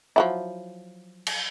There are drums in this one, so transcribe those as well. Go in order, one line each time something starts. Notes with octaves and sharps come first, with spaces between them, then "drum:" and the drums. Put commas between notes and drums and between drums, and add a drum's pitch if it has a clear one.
F3 F#3 E4
drum: cymbal